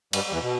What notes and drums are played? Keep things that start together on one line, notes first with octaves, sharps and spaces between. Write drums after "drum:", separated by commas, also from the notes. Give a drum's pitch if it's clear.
G2 G3, drum: cymbal
G3
E2 E3
B2